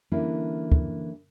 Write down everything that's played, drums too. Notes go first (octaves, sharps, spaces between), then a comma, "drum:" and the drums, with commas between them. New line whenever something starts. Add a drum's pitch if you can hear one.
D3 E3 G3 A#3 C#4 E4
drum: kick